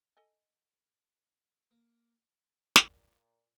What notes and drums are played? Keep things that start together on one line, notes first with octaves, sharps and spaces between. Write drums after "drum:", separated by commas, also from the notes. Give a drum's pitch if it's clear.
A4 D#5 G#5
A#3
A#2, drum: snare